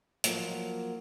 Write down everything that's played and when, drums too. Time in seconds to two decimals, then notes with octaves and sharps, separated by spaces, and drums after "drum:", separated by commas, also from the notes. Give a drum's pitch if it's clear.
0.24 F3 F#3 A#3, drum: hi-hat